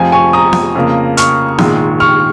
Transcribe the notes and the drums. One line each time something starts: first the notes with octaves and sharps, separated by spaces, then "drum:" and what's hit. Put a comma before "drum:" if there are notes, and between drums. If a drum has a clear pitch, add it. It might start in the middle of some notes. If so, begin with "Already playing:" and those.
Already playing: F1 F2 F3 G#5
G#5 C#6
A#5 D#6
drum: snare B3
F2 C#3 A#3
C#6 F6, drum: hi-hat
A#1 G#2 D#3 G#3, drum: snare B3
C#6 F6